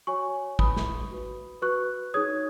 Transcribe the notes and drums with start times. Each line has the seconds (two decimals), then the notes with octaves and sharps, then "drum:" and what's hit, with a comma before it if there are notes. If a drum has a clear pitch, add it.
0.07 F#4 C#5 G#5 C#6
0.59 D#4 B4 B5 D#6, drum: kick
0.77 drum: snare
1.11 F#4 B4
1.62 F#4 B4 C#6 F#6
2.14 D#4 G#4 C#5 D#6 G#6